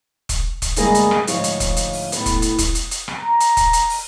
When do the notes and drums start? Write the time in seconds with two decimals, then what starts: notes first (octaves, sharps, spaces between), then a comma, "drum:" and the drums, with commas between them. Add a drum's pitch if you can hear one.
0.29 drum: kick E1, hi-hat
0.62 drum: kick E1, hi-hat
0.76 D2 G2 G#3 A#3 G#4 D5, drum: hi-hat
0.95 drum: hi-hat
1.11 drum: rim click
1.27 D2 G#2 F3 C#5 F5, drum: hi-hat
1.44 drum: hi-hat
1.60 drum: kick E1, hi-hat
1.77 drum: hi-hat
1.93 drum: open hi-hat
2.12 A2 B3, drum: hi-hat
2.26 drum: kick E1, hi-hat
2.42 drum: hi-hat
2.59 drum: kick E1, hi-hat
2.75 drum: hi-hat
2.91 drum: hi-hat
3.08 drum: rim click
3.18 A#5
3.40 drum: hi-hat
3.57 drum: kick E1, hi-hat
3.73 drum: hi-hat
3.90 drum: open hi-hat